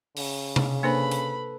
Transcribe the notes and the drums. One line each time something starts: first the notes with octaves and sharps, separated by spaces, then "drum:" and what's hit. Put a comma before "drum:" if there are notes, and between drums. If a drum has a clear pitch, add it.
C#3, drum: open hi-hat
drum: tom C3
A#3 D4 A4 B4 C5 B5
drum: hi-hat